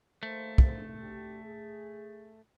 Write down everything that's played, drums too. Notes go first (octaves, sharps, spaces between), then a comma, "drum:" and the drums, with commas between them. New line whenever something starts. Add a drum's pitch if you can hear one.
D#2 A3 A#3 C5
drum: kick
D2 G4
G#4